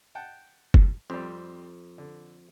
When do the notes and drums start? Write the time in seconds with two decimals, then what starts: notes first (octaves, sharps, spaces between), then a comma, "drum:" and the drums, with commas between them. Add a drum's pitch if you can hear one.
0.15 F#5 G5 A5
0.74 drum: kick F#1
1.10 F2 G3 C4
1.98 D3